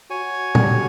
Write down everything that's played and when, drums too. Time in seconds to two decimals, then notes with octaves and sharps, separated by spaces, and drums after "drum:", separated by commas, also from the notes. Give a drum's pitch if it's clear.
0.10 F#4 C#5 G#5
0.55 D3 G3, drum: tom